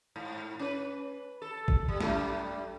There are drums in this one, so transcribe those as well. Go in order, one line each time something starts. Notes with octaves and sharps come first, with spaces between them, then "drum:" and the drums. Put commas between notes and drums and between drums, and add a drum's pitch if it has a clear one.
G#2
C#4 B4
A4
drum: kick
G3
F#2 G3 A3, drum: snare